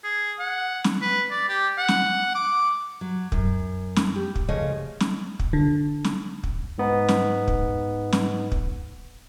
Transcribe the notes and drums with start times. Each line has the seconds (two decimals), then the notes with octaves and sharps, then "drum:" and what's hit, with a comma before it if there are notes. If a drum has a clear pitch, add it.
0.04 G#4
0.39 F#5
0.84 drum: snare
1.02 B4
1.31 D5
1.49 G4
1.78 F#5
1.88 drum: snare
2.35 D6
3.01 F#3
3.32 F#2, drum: kick
3.96 drum: snare
4.16 G4
4.35 drum: kick
4.48 C#3 F3 A3 C#5 D#5
5.00 drum: snare
5.39 drum: kick
5.53 D3
6.04 drum: snare
6.43 drum: kick
6.78 G#2 B3 D#4
7.09 drum: snare
7.48 drum: kick
8.13 drum: snare
8.52 drum: kick